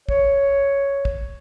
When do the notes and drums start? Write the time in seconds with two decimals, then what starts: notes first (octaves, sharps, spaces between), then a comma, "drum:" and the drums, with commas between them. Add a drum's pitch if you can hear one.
0.09 C#5, drum: kick
1.05 drum: kick